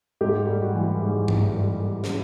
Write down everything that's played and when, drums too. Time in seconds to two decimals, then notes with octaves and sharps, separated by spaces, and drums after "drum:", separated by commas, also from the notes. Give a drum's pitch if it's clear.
0.21 G#2 G4
0.47 G3
0.62 F#4
0.75 E3
1.02 G#2
1.28 E3, drum: tom G2
1.55 G3
2.04 drum: snare